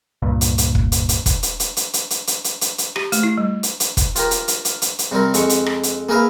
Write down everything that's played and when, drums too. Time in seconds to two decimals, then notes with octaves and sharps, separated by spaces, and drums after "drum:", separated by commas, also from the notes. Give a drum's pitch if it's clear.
0.22 C#2 G2 A#2
0.41 drum: hi-hat
0.58 drum: hi-hat
0.75 drum: kick
0.92 drum: hi-hat
1.09 drum: hi-hat
1.26 drum: kick, hi-hat
1.43 drum: hi-hat
1.60 drum: hi-hat
1.77 drum: hi-hat
1.94 drum: hi-hat
2.10 drum: hi-hat
2.27 drum: hi-hat
2.44 drum: hi-hat
2.61 drum: hi-hat
2.78 drum: hi-hat
2.96 G4, drum: rim click
3.12 A3, drum: hi-hat
3.23 E4
3.38 G3
3.63 drum: hi-hat
3.80 drum: hi-hat
3.97 drum: kick, hi-hat
4.16 F4 G4 A#4, drum: hi-hat
4.31 drum: hi-hat
4.48 drum: hi-hat
4.65 drum: hi-hat
4.82 drum: hi-hat
4.99 drum: hi-hat
5.12 C3 G3 C4 A#4
5.34 F2 G#3 C#6, drum: hi-hat
5.49 drum: hi-hat
5.66 drum: rim click
5.83 drum: hi-hat
6.09 A#3 G#4 A#4 B4 E5 F5